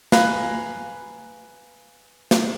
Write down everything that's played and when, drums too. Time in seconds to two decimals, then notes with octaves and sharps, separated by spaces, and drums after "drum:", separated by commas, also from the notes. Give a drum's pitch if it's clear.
0.12 B4 F5 G#5 A#5, drum: snare
2.31 drum: snare